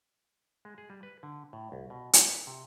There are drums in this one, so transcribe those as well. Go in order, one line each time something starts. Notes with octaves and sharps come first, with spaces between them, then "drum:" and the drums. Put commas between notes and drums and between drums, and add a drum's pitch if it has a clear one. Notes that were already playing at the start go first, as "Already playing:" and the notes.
G#3
G#4
G3
B4
D3
A2
C2
B2
D#5, drum: hi-hat
B4
C3